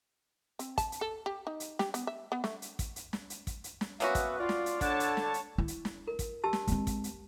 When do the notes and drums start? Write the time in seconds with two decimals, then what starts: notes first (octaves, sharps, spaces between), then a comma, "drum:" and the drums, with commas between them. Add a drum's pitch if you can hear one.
0.59 C4, drum: hi-hat
0.78 A5, drum: kick, hi-hat
0.92 drum: hi-hat
1.01 A4
1.26 G4
1.47 D#4
1.60 drum: hi-hat
1.79 G4, drum: snare
1.94 B3, drum: hi-hat
2.07 E5
2.32 B3
2.44 A3, drum: snare
2.62 drum: hi-hat
2.79 drum: kick, hi-hat
2.96 drum: hi-hat
3.13 drum: snare
3.30 drum: hi-hat
3.47 drum: kick, hi-hat
3.64 drum: hi-hat
3.81 drum: snare
4.00 F#3 A#3 B3 C#4 F#4 B4 E5, drum: hi-hat
4.15 drum: kick, hi-hat
4.39 F4 D5
4.49 drum: snare
4.66 drum: hi-hat
4.81 D3 D4 C#5 A5, drum: kick, hi-hat
5.00 drum: hi-hat
5.17 drum: snare
5.34 drum: hi-hat
5.58 E4
5.68 drum: hi-hat
5.85 drum: snare
6.07 A#4
6.19 drum: kick, hi-hat
6.44 G4 A5 E6
6.53 drum: snare
6.67 G#3 C4, drum: hi-hat
6.87 drum: kick, hi-hat
7.04 drum: hi-hat